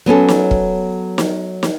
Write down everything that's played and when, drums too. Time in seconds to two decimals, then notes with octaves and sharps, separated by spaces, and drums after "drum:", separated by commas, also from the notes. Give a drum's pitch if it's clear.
0.06 F#3 B3 C#4 A4
0.29 drum: snare
0.51 drum: kick
1.18 drum: snare
1.63 drum: snare